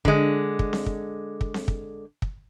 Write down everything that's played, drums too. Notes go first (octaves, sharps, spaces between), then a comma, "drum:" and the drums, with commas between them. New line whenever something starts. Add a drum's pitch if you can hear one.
D3 G#3, drum: kick
drum: kick
drum: snare C4
drum: kick
drum: kick
drum: snare C4
drum: kick
drum: kick